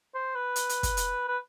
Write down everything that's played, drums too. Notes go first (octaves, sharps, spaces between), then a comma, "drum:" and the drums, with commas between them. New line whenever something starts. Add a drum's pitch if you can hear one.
C5
B4
drum: hi-hat
drum: hi-hat
drum: kick, hi-hat
drum: hi-hat
B4